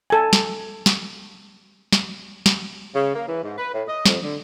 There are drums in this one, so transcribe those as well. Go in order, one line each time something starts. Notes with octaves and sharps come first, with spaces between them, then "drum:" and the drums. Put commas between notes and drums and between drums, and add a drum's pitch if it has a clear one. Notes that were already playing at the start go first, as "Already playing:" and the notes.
A4 G#5
drum: snare
drum: snare
drum: snare
drum: snare
C#3
A#3
E3
G#2
B4
A2
D#5
F2, drum: snare
D3